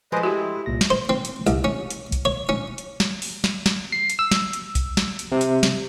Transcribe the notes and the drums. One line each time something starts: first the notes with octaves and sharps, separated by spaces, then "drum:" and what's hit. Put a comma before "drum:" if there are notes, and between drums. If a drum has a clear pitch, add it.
F3 G#3 A3 B4 C5 D#5
E4 F#4 G4 D#5 G5 D#6
C2 A#2 A#6
drum: snare
C5
C4
drum: hi-hat
C2, drum: hi-hat
C#4
drum: hi-hat
drum: kick C2, hi-hat
C#5
C#4
drum: hi-hat
drum: snare
drum: open hi-hat
drum: snare
drum: snare
C7
drum: hi-hat
E6
drum: snare
drum: hi-hat
drum: kick C2, hi-hat
drum: snare
drum: hi-hat
C3
drum: hi-hat
drum: snare